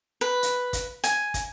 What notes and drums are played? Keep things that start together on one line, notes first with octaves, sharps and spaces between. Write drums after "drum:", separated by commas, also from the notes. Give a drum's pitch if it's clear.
B4
drum: hi-hat
drum: kick, hi-hat
G#5, drum: hi-hat
drum: kick, hi-hat